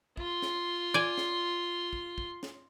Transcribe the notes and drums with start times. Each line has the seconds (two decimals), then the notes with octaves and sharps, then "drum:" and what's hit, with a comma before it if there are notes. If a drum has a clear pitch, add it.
0.17 F4 C6, drum: kick
0.42 drum: snare
0.94 D5 G#5
1.18 drum: snare
1.93 drum: kick
2.18 drum: kick
2.43 drum: snare